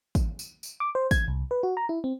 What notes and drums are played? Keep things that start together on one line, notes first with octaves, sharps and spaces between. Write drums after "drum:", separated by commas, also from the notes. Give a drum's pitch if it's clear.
drum: kick, tambourine
drum: tambourine
drum: tambourine
D6
C5
G#6, drum: kick, tambourine
C2
B4
F#4
A#5
E4
C4